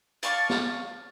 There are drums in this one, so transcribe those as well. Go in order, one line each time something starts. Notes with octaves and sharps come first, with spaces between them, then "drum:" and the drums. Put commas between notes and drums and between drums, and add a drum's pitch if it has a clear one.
D5 F5 A5 C#6, drum: hi-hat
drum: snare